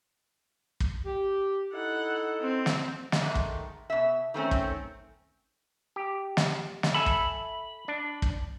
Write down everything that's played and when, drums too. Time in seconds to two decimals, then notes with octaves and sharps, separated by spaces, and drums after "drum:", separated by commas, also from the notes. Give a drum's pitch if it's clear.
0.80 drum: kick
1.06 G4
1.73 D#4 E4 A4 F#5
2.41 C4
2.66 drum: snare
3.12 drum: snare
3.22 G#2 D#3 G#3 A3
3.35 drum: kick
3.90 B2 E5
4.34 D#3 A3 C4 C#4
4.51 drum: kick
5.96 G4
6.37 drum: snare
6.83 drum: snare
6.94 A4 E5 G#5 B5
7.06 drum: kick
7.88 D4
8.22 drum: kick